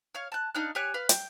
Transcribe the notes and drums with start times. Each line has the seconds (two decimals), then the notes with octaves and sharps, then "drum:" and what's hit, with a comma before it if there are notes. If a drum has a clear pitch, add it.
0.15 C#5 F5
0.32 A5 F#6
0.55 D4 D#4 F5 F#6
0.75 G4 C#5 G#5 F#6
0.94 B4 F5
1.09 G5, drum: hi-hat